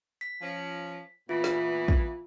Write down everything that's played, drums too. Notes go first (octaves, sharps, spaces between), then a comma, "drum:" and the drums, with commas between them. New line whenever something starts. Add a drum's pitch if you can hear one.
B6
F3 C#4
A#2 E3 B3 F4
drum: snare
drum: kick